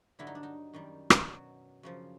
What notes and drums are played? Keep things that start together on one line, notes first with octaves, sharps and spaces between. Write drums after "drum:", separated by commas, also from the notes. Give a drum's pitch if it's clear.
G2 D3 F#3 E4
D#4
D4
D#4
F#2 D#3 G3
drum: rim click
B2 F#3
F#2 C#3 F3